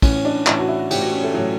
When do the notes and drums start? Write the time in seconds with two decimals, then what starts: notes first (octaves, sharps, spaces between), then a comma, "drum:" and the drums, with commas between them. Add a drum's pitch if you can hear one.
0.02 A2 E3 C#4, drum: kick, cymbal
0.25 D4
0.46 A2 E3 D4, drum: clap
0.58 F#4
0.69 E4
0.79 F#4
0.91 A2 E3 G4, drum: cymbal
1.02 F#4
1.13 C#4
1.23 A3
1.34 A2 E3 F#3